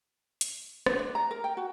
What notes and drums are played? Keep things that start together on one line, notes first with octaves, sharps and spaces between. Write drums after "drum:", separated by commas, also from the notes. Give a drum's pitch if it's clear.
drum: hi-hat
D4, drum: rim click
D4
A#5
A#4
G5
F#4